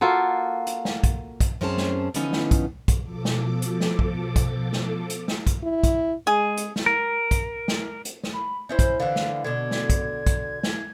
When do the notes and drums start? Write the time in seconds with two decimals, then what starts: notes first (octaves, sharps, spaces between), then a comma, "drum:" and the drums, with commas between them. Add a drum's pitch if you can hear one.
0.01 A#3 F4 F#4 A4
0.67 drum: hi-hat
0.85 drum: snare
1.04 drum: kick, hi-hat
1.40 drum: kick, hi-hat
1.61 F#2 C4 C#4 G#4 C5 A5
1.77 drum: snare
2.14 D3 E3 F3 B3 C#4 D#4, drum: hi-hat
2.33 drum: snare
2.51 drum: kick, hi-hat
2.88 drum: kick, hi-hat
3.02 B2 F3 A4 D6
3.25 drum: snare
3.62 drum: hi-hat
3.80 drum: snare
3.99 drum: kick
4.36 drum: kick, hi-hat
4.73 drum: snare
5.10 drum: hi-hat
5.28 drum: snare
5.47 drum: kick, hi-hat
5.63 E4
5.83 drum: kick, hi-hat
6.27 G#3 G#4
6.57 drum: hi-hat
6.76 drum: snare
6.86 A#4
7.31 drum: kick, hi-hat
7.68 drum: snare
8.05 drum: hi-hat
8.23 drum: snare
8.33 B5
8.69 C#4 E4 C5 G6
8.79 drum: kick, hi-hat
9.00 D3 E3 F5
9.16 drum: snare
9.44 B2 D3 G#6
9.71 drum: snare
9.90 drum: kick, hi-hat
10.26 drum: kick, hi-hat
10.63 drum: snare